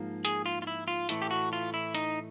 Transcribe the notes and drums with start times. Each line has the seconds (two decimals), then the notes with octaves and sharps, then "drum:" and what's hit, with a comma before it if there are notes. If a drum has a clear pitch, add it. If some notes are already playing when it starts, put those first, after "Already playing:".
Already playing: G#2 F3 A#3
0.25 G#4, drum: hi-hat
0.46 F4
0.62 F4
0.67 E4
0.88 F4
1.09 A2 E3 A3, drum: hi-hat
1.22 G4
1.31 F#4
1.53 F4
1.74 E4
1.95 D#4, drum: hi-hat